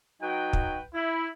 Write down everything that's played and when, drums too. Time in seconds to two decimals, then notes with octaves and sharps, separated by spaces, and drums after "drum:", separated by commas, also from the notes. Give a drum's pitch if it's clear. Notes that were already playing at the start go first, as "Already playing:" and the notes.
0.21 F#3 D#4 F#4 B4 G5
0.53 drum: kick
0.94 E4